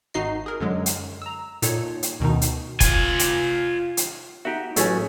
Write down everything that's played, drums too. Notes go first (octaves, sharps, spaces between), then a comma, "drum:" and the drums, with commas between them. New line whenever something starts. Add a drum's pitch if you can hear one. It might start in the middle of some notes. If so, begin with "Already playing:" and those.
G#1 D#4 F#4 D#5 C7
G#4 A#4
F#2 D3 F#3 G#3
drum: hi-hat
A#5 E6
A#2 D#4 A4 C#5, drum: hi-hat
drum: hi-hat
D2 B2 D#3 D#4
drum: hi-hat
F4 G#5, drum: kick F1, hi-hat
drum: hi-hat
drum: hi-hat
D#4 F#4 G4 E5
A1 F#3 A3 C#4 G#4 C#5 G#5, drum: hi-hat